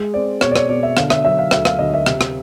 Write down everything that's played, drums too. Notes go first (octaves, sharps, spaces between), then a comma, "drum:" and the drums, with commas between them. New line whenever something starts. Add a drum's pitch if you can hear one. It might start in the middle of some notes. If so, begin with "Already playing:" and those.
Already playing: G#3
C4 D5
B2 C#5, drum: rim click
D5
C#5, drum: rim click
B2 D5
E5
D3 F5, drum: rim click
E5, drum: rim click
F#3 E5
F5
D2 E5, drum: rim click
F5, drum: rim click
D2 D#5
E5
C3, drum: rim click
drum: rim click